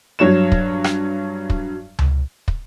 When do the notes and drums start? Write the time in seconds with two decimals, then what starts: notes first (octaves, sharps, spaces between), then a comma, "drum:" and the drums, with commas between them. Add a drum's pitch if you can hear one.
0.19 G2 F#3 C#5 E7
0.52 drum: kick
0.84 drum: rim click
1.50 drum: kick
1.99 drum: tom C#2
2.48 drum: kick